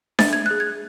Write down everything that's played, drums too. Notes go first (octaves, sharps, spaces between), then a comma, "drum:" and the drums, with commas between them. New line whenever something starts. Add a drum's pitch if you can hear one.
E5 A6, drum: snare D4
G#6
G#4 F#6
G#6